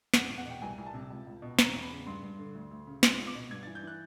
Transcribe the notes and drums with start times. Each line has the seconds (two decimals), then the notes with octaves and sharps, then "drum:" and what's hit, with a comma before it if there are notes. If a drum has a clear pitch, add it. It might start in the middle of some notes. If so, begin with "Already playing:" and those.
0.14 E2 F#5, drum: snare
0.30 E2
0.38 F#5
0.45 B2 G5
0.62 C2 G#5
0.78 C2
0.86 A5
0.94 C3
1.10 C#2
1.27 C#2
1.42 B2
1.59 E2 A#5, drum: snare
1.75 E2
1.82 B5
1.91 C#3
2.07 G2 C6
2.23 G2
2.39 D3
2.55 D2
2.71 D2
2.87 C#3
3.03 C#2 C6, drum: snare
3.19 C#2
3.27 D6
3.35 B2
3.51 G2 G#6
3.63 E3 A6
3.75 G6
3.83 E3 F#6